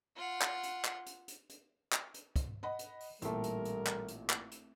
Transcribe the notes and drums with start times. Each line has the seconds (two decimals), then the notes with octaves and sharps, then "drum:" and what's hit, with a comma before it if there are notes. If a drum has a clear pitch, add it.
0.16 F4 F#5
0.41 drum: clap
0.63 drum: hi-hat
0.85 drum: clap
1.06 drum: hi-hat
1.28 drum: hi-hat
1.49 drum: hi-hat
1.92 drum: clap
2.14 drum: hi-hat
2.36 drum: kick, hi-hat
2.63 D#5 F#5 B5
2.79 drum: hi-hat
3.00 drum: open hi-hat
3.22 A1 A#2 G3 A3 C4 A4 A#4, drum: hi-hat
3.43 drum: hi-hat
3.65 drum: hi-hat
3.87 drum: clap
4.08 drum: hi-hat
4.30 drum: clap
4.51 drum: hi-hat